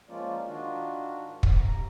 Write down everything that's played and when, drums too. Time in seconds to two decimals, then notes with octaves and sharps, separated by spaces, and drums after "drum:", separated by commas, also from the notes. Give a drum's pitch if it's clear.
0.08 F3 G#3 A#3 C#4 F4 D5
0.47 D#3 D4 F4 F#4
1.25 G#2
1.43 drum: kick
1.54 C3 A#5